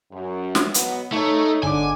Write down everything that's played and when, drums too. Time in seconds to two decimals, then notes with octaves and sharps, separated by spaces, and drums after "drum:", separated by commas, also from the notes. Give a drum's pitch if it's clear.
0.12 F#2
0.55 drum: snare
0.74 B2 F#3 B3, drum: hi-hat
1.12 A3 D#4 C#5 C#6
1.63 G1 G#2 D3 D4 G#5 D6